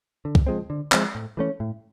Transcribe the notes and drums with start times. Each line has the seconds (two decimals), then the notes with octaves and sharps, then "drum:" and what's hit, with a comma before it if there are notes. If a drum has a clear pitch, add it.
0.25 D3
0.35 drum: kick
0.47 F3 G#3 C4
0.70 D3
0.92 F3 G#3 C4, drum: clap
1.15 A2
1.37 E3 A3 C#4
1.60 A2